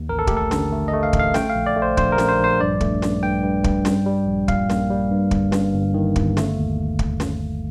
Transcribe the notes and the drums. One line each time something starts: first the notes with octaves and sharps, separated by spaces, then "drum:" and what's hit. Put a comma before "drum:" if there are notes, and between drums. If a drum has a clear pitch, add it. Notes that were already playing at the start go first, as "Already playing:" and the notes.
Already playing: D#2
A1 A#4
A4
A3 G4, drum: kick
A4
D3, drum: snare
A3
D#5
A3
F5
A1, drum: kick
F5
A3 G5, drum: snare
F5
A#1
D5
A3
C5
A#1 C5, drum: kick
A#4
A#1, drum: snare
C5
A#1 C5
G2 D5
A3, drum: kick
G2, drum: snare
G2 G5
G2
G2, drum: kick
G3, drum: snare
G3
A#1
A#2 F5, drum: kick
A#3, drum: snare
G3
G2
G1, drum: kick
G2, drum: snare
G1
D#3
G1, drum: kick
A3, drum: snare
D#2
drum: kick
drum: snare